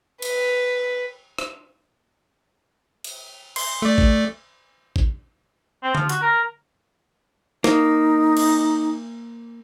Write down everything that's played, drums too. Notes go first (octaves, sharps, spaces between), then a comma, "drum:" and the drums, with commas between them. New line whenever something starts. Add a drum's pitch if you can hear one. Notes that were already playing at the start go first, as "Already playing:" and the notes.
B4, drum: cymbal
drum: rim click
drum: cymbal
C6, drum: cymbal
A3 D5
drum: kick G#1
drum: kick G#1
C4
F3, drum: tom D3
F#4, drum: hi-hat
A#4
A#3 D#4, drum: snare
drum: cymbal